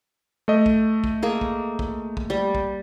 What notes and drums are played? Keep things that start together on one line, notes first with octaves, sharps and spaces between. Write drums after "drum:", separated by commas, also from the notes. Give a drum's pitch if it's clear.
A3 D#5
drum: kick
drum: kick
A#3 G#4
drum: kick
drum: kick
drum: kick
G3
drum: kick